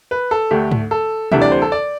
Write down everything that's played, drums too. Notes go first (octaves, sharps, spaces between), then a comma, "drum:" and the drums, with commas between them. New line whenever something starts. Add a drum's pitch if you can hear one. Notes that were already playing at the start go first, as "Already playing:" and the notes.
B4
A4
D2 D3 A3 G4
drum: tom G#2
A4
D2 C3 E3 G3 D4 E5, drum: tom B2
D5
C5
A4
D5